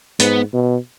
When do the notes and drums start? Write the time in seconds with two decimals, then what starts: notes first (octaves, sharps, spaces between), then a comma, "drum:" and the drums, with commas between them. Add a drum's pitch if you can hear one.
0.20 G#2 B3, drum: hi-hat
0.53 B2